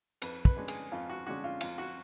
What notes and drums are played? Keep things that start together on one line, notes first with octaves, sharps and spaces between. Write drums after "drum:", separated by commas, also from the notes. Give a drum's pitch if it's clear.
F2 B4, drum: cymbal
B4, drum: kick
D3 G#3 C#4
G#4, drum: cymbal
F2 F4
F#4
D3 G#3 C#4 F#4
F4
F2 F4, drum: cymbal
F#4